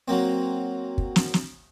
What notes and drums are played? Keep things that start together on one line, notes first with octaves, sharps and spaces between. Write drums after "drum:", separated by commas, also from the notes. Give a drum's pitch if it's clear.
F#3 A#3 C4
drum: kick
drum: snare
drum: snare